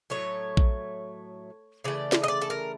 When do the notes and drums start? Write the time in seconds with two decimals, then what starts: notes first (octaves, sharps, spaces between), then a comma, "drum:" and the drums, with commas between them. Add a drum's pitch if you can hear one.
0.10 A2 F#3 A3 C#5
0.57 drum: kick A#1
1.84 C#3 E3 A3 D5
2.12 drum: snare
2.24 D#5
2.28 D5
2.42 A4
2.50 A#4